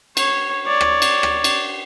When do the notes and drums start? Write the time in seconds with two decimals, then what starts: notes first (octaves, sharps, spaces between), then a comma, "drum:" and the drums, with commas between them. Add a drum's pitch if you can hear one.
0.17 C#5, drum: cymbal
0.66 C#5 D5
0.81 drum: rim click
1.02 drum: cymbal
1.23 drum: rim click
1.44 drum: cymbal